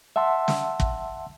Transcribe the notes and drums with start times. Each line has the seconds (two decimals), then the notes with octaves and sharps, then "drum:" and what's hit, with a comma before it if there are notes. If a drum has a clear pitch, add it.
0.16 E5 F#5 A5 C6 E6
0.48 drum: snare
0.80 drum: kick